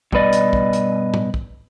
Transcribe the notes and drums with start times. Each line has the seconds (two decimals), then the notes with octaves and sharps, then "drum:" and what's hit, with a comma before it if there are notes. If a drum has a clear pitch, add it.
0.12 G2 B2 B4 D5 D#5, drum: kick
0.33 drum: hi-hat
0.53 drum: kick
0.73 drum: hi-hat
1.14 drum: tom A2
1.34 drum: kick